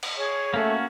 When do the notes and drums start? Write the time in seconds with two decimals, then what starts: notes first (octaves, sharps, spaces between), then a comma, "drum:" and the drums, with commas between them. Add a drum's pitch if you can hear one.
0.03 drum: cymbal
0.16 G#4 C#5
0.54 A3 A#3 C#4 F#4